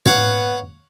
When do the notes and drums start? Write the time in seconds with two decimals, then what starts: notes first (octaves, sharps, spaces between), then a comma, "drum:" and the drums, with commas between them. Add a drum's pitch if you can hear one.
0.06 B3 C#5 F5 F#5, drum: tom